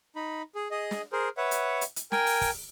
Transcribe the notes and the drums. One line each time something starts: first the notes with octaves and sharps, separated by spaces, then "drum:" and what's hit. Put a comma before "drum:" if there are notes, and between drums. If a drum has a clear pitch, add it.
D#4 B5
G#4
G#4 D#5
drum: snare
G#4 A#4 C5
B4 C#5 E5 F#5
drum: hi-hat
drum: hi-hat
drum: hi-hat
A#4 G5 G#5, drum: snare
drum: open hi-hat
drum: kick, open hi-hat